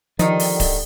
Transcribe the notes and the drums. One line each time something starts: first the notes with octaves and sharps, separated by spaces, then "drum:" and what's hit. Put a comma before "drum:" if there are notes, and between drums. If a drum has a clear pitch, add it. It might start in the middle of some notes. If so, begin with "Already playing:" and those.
D3 D#3 F3 G3 D#4 D5, drum: hi-hat
drum: open hi-hat
drum: kick D1, open hi-hat